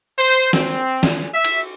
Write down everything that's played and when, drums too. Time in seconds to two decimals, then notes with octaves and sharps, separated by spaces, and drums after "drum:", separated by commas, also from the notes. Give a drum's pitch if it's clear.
0.19 C5
0.53 C4, drum: snare
1.03 drum: snare
1.34 E5
1.44 drum: cymbal